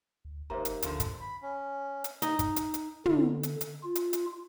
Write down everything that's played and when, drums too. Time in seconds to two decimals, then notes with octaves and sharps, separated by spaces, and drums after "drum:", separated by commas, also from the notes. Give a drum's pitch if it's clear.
0.25 D2
0.50 F#1 D#2 G#2 C5 E5 A#5
0.65 drum: hi-hat
0.82 D2 A#2 D3 F3, drum: hi-hat
1.00 drum: kick, hi-hat
1.21 B5
1.42 C#4
2.04 drum: hi-hat
2.22 D#4, drum: hi-hat
2.39 drum: kick, hi-hat
2.56 drum: hi-hat
2.74 drum: hi-hat
3.06 D3, drum: tom
3.43 drum: hi-hat
3.61 drum: hi-hat
3.83 F4
3.95 drum: hi-hat
4.13 drum: hi-hat